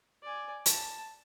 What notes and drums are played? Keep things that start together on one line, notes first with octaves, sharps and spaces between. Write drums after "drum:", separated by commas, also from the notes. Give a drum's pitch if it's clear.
D5 G#5
A5, drum: hi-hat